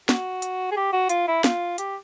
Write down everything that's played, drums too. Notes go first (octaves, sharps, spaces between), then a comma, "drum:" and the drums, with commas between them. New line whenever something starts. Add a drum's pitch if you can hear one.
F#4, drum: snare
drum: hi-hat
G#4
G4
F#4
F4, drum: hi-hat
E4
F4, drum: snare
G4, drum: hi-hat